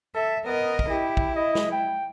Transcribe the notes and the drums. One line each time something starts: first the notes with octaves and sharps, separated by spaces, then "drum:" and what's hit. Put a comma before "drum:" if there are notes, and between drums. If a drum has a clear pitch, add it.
A4 E5
B3 A#4 D#5
drum: kick
E4 G4
drum: kick
D#5
drum: snare
G5